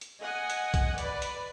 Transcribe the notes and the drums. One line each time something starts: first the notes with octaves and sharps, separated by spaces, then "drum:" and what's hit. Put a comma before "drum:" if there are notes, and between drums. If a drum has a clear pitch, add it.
drum: hi-hat
D#5 F#5 G#5
drum: hi-hat
drum: kick B1, hi-hat
B4 D5, drum: hi-hat
drum: hi-hat